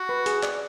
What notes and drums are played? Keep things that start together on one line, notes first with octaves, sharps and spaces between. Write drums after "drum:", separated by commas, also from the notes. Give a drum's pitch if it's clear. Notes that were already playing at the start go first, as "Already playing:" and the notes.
Already playing: F#4
B4
G#4, drum: hi-hat
D5, drum: clap